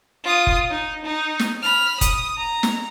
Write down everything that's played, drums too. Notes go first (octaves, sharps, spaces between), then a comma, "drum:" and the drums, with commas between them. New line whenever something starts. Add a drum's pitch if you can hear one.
F4 D#6
drum: kick F1
D#4
D#4
drum: snare
B5 F6
D#6, drum: kick F1, hi-hat
A#5
drum: snare